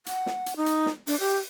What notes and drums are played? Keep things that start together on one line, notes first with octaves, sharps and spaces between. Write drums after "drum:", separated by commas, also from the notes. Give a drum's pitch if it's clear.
F#5, drum: hi-hat
drum: snare
drum: hi-hat
D#4
drum: hi-hat
drum: snare
D4, drum: open hi-hat
G4